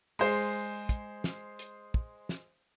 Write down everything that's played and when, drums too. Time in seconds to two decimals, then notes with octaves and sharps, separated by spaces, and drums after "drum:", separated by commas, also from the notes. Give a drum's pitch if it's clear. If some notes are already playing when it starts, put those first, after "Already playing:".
0.19 G#3 C5, drum: open hi-hat
0.89 drum: kick, hi-hat
1.24 drum: snare
1.59 drum: hi-hat
1.94 drum: kick
2.29 drum: snare